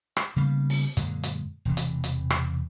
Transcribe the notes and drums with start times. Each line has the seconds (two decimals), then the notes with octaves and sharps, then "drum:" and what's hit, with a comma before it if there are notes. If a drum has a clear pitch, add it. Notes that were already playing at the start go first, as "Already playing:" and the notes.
0.17 drum: rim click
0.36 C#3 G3 A#3 B3
0.70 drum: open hi-hat
0.97 F#2 A#2 D3 G#3, drum: hi-hat
1.23 drum: hi-hat
1.65 E1 C3 E3
1.77 drum: hi-hat
2.04 drum: hi-hat
2.30 drum: rim click